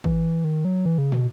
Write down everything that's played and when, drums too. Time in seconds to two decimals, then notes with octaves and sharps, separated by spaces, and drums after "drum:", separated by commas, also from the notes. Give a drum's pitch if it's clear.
0.04 E3, drum: kick
0.44 D#3
0.65 F#3
0.85 E3
0.98 C#3
1.12 B2, drum: tom